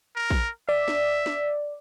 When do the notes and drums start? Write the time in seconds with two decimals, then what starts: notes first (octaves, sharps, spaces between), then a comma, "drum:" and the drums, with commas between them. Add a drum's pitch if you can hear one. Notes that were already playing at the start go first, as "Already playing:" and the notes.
0.16 A#4
0.30 drum: kick A#1
0.69 D5 E5
0.88 drum: snare
1.26 drum: snare